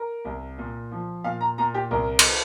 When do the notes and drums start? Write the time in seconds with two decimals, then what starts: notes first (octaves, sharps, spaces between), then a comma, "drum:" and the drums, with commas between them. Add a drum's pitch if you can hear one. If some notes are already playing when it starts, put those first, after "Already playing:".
Already playing: A#4
0.25 C2
0.58 A#2
0.91 F3
1.24 A#2 F5
1.41 A#5
1.58 A#2 A#5
1.75 G4
1.91 C2 A#4
2.19 drum: cymbal